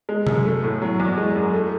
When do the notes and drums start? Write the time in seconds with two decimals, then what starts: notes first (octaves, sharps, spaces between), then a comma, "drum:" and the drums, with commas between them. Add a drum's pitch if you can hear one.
0.09 G#3
0.27 F#2, drum: tom C3
0.45 A3
0.63 A2
0.82 F#3
1.00 E2
1.17 G#3
1.35 F#2
1.53 A3